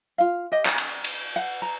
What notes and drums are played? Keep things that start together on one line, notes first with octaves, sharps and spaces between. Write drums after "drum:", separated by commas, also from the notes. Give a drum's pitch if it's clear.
F4 F5
G4 D#5
D5, drum: clap
drum: cymbal
drum: cymbal
F#5
A#5